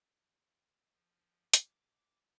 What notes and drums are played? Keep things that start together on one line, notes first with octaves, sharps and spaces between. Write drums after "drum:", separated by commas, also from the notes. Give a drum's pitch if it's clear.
F3
D6, drum: hi-hat